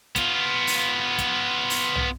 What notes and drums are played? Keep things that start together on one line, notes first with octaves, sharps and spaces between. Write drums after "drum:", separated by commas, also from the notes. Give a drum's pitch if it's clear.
B3 F4, drum: kick, hi-hat
drum: open hi-hat
drum: kick, hi-hat
drum: open hi-hat
drum: tom